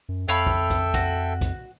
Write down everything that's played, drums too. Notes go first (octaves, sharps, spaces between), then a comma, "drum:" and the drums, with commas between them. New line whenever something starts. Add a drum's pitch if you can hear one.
F#2
F2 A4 C#5 E5 F5 G5 B5
drum: kick
drum: kick, hi-hat
F#4, drum: kick, hi-hat
drum: kick, hi-hat